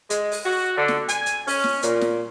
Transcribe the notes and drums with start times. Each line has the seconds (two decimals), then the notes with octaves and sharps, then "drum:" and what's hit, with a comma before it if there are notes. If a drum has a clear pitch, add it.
0.10 G#3, drum: hi-hat
0.32 drum: open hi-hat
0.45 F#4
0.77 D3
0.88 drum: snare
1.08 G#5, drum: hi-hat
1.26 drum: hi-hat
1.48 C#4, drum: open hi-hat
1.64 drum: snare
1.83 A#2, drum: hi-hat
2.01 drum: snare